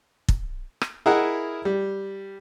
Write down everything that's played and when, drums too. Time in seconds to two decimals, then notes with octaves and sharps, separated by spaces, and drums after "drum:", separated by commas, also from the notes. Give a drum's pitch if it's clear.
0.28 drum: kick
0.81 drum: rim click
1.06 E4 G#4 A#4 D#5 E5 F#5
1.65 G3